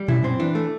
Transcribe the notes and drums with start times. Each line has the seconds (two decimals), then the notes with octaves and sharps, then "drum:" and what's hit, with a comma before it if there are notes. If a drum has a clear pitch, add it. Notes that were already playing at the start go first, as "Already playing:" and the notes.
Already playing: G3
0.08 F#2 E4, drum: tom A#2
0.24 C4
0.40 E3 D4
0.55 A3